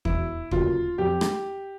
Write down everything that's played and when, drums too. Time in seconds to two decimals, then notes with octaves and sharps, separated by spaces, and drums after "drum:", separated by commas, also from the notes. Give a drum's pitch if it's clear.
0.05 E1 E4, drum: kick
0.51 D2 C#3 F#3 A#3 F4, drum: kick
0.98 F2 G4
1.21 drum: rim click